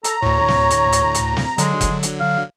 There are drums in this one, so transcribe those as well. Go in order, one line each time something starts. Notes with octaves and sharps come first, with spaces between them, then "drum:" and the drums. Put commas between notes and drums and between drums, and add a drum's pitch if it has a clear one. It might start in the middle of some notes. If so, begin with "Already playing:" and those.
A4 A#5, drum: hi-hat
D2 A2 C#5
drum: snare
drum: hi-hat
drum: hi-hat
drum: hi-hat
drum: snare
D3 F#3 G#3, drum: hi-hat
drum: kick F#1, hi-hat
drum: hi-hat
F5